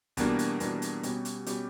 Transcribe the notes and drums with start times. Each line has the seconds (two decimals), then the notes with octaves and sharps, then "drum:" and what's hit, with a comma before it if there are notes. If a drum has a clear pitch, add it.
0.17 E2 B2 G3 A#3 D4, drum: kick, hi-hat
0.39 drum: hi-hat
0.60 E2 B2 G3 A#3 D4, drum: hi-hat
0.82 drum: hi-hat
1.03 B2 G3 C#4 G4, drum: hi-hat
1.25 drum: hi-hat
1.46 B2 G3 C#4 G4, drum: hi-hat